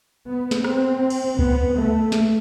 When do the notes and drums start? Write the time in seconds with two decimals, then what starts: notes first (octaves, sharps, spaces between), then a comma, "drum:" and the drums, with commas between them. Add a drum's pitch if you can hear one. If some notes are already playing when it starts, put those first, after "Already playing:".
0.27 B3
0.51 drum: snare
0.64 C4, drum: rim click
1.10 drum: cymbal
1.39 B3, drum: kick C#2
1.76 A3
2.12 drum: snare